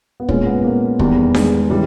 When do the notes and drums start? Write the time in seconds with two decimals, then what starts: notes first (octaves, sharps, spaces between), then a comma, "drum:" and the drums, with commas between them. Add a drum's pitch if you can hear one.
0.20 B3
0.29 A#2 G#3 C#4, drum: kick
0.46 B3
0.64 A#3
0.99 E2 D#3 G3, drum: kick
1.34 G#3, drum: snare D4
1.70 C#3 E3 G3